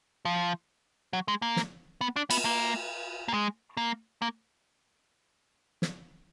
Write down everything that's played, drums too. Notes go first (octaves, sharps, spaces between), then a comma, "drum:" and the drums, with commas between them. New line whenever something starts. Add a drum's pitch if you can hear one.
F3
F#3
G#3
A#3
drum: snare
B3
D4
B3, drum: cymbal
A#3
A#3
G#3
A#3
A#3
drum: snare